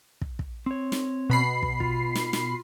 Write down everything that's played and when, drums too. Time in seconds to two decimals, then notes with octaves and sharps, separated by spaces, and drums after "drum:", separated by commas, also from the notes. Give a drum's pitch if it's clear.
0.21 drum: kick
0.39 drum: kick
0.66 C4 C#5
0.92 drum: snare
1.30 B2 B5 C7
1.63 drum: kick
1.80 F4, drum: kick
2.15 drum: snare
2.33 drum: snare